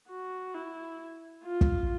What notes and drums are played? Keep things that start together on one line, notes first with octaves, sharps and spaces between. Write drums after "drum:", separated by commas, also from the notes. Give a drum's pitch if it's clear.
F#4
E4
F4
drum: kick